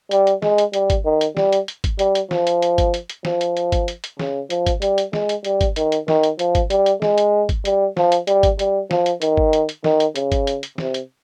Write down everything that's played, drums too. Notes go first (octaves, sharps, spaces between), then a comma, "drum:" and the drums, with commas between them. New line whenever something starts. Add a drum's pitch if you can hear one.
G3, drum: hi-hat
drum: hi-hat
G#3, drum: snare
drum: hi-hat
G3, drum: hi-hat
drum: kick G1, hi-hat
D#3
drum: hi-hat
G3, drum: snare
drum: hi-hat
drum: hi-hat
drum: kick G1, hi-hat
G3, drum: hi-hat
drum: hi-hat
F3, drum: snare
drum: hi-hat
drum: hi-hat
drum: kick G1, hi-hat
drum: hi-hat
drum: hi-hat
F3, drum: snare
drum: hi-hat
drum: hi-hat
drum: kick G1, hi-hat
drum: hi-hat
drum: hi-hat
C#3, drum: snare
F3, drum: hi-hat
drum: kick G1, hi-hat
G3, drum: hi-hat
drum: hi-hat
G#3, drum: snare
drum: hi-hat
G3, drum: hi-hat
drum: kick G1, hi-hat
D#3, drum: hi-hat
drum: hi-hat
D#3, drum: snare
drum: hi-hat
F3, drum: hi-hat
drum: kick G1, hi-hat
G3, drum: hi-hat
drum: hi-hat
G#3, drum: snare
drum: hi-hat
drum: kick G1, hi-hat
G3, drum: hi-hat
F3, drum: snare
drum: hi-hat
G3, drum: hi-hat
drum: kick G1, hi-hat
G3, drum: hi-hat
F3, drum: snare
drum: hi-hat
D#3, drum: hi-hat
drum: kick G1
drum: hi-hat
drum: hi-hat
D#3, drum: snare
drum: hi-hat
C#3, drum: hi-hat
drum: kick G1, hi-hat
drum: hi-hat
drum: hi-hat
C3, drum: snare
drum: hi-hat